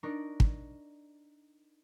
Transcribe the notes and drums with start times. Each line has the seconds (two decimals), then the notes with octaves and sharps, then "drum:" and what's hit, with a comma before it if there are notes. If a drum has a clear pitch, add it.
0.03 D4 D#4 A#4 D5 C#6
0.40 drum: kick